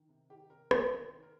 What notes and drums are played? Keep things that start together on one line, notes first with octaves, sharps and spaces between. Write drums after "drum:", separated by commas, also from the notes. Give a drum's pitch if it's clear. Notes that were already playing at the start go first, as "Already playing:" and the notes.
Already playing: D#3
C3
D#3 G4
C3 A#4
C3 G#4, drum: rim click
D#3
D#3
A#4